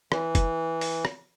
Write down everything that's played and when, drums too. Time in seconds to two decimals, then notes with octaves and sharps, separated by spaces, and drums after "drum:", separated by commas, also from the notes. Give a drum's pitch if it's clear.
0.12 E3, drum: rim click
0.35 drum: kick F1, hi-hat
0.81 drum: open hi-hat
1.05 drum: rim click